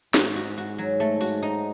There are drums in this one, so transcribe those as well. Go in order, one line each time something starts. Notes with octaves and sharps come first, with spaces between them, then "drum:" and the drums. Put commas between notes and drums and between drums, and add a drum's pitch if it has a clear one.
G#2 F#4, drum: snare
F#4
F#4
F#3
A3
F#4, drum: open hi-hat
D#4